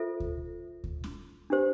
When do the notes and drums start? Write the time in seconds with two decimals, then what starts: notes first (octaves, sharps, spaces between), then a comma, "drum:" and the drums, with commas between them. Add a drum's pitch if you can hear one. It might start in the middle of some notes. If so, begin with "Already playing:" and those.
Already playing: F4 A4 C5 E5
0.20 drum: kick D2
0.84 drum: kick D2
1.04 drum: snare
1.50 D4 G4 C5